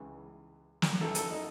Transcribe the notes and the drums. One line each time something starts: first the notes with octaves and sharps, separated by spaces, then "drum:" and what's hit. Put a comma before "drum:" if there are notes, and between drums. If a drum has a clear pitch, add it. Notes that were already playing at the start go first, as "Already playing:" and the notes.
Already playing: C#2 C#3 E3
drum: snare
F#2 C#3 E3 A4
A4, drum: hi-hat
D#4